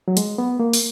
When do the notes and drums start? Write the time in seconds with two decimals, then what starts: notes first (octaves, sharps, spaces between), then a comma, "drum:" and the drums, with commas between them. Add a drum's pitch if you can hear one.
0.08 F#3
0.17 G#3, drum: hi-hat
0.38 B3
0.60 A#3
0.73 drum: open hi-hat